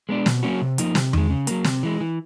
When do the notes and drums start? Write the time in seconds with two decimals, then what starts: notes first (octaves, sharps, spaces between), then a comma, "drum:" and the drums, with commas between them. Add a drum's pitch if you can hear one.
0.09 G#3 B3 D4
0.26 B2, drum: snare
0.43 F#3 A#3 C#4 F#4
0.61 C3
0.78 F3 A#3 D#4, drum: hi-hat
0.95 C3, drum: snare
1.13 D#3 G#3, drum: tom E2
1.30 C#3
1.47 F#3 A#3, drum: hi-hat
1.64 C3, drum: snare
1.83 E3 G#3
2.00 E3